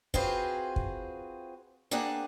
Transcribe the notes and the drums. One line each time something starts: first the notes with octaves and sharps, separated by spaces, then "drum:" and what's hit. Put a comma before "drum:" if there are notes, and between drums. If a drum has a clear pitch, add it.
C4 F4 F#4 G#4 B4 C5, drum: kick
drum: kick
A#3 C4 D4 G#4 F#5